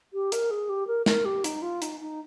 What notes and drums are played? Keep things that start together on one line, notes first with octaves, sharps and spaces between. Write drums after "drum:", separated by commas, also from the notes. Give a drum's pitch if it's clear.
G4
A#4, drum: hi-hat
G#4
G4
A#4
A#4, drum: snare
G4
D#4, drum: hi-hat
F4
D#4, drum: hi-hat
D#4